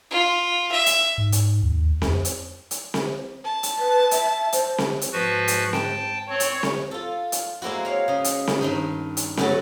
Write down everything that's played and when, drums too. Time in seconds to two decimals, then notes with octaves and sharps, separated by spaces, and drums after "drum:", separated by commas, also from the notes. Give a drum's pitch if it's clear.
0.11 F4
0.71 E5
0.86 drum: hi-hat
1.18 G#2
1.32 drum: hi-hat
1.63 D#2
2.02 F2, drum: snare C4
2.25 drum: hi-hat
2.71 drum: hi-hat
2.94 drum: snare C4
3.45 A5
3.63 drum: hi-hat
3.79 B4
4.11 E5, drum: hi-hat
4.53 C5, drum: hi-hat
4.78 drum: snare C4
5.01 drum: hi-hat
5.13 G#2 F3 F#4 B4
5.48 drum: hi-hat
5.73 G5 A5, drum: snare C4
6.30 C4 C#5
6.40 drum: hi-hat
6.63 drum: snare C4
6.91 F4 A4
7.32 drum: hi-hat
7.62 G#3 A#3 C4 E4 F#4
7.85 C#5 F5
8.08 C#3 D#5
8.24 drum: hi-hat
8.48 drum: snare C4
8.61 G2 D#3 D#4
9.17 drum: hi-hat
9.37 F#3 A3 B3 C#4 F#4 A4, drum: snare C4